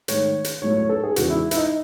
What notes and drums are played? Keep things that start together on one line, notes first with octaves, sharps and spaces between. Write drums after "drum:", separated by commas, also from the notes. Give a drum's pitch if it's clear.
G#2 D#3 A3 C#5, drum: hi-hat
drum: hi-hat
A2 F#3 A3 C#5
C#5
A4
G#4
E2 C#3 G#3 F#4, drum: hi-hat
E4
E4, drum: hi-hat
D#4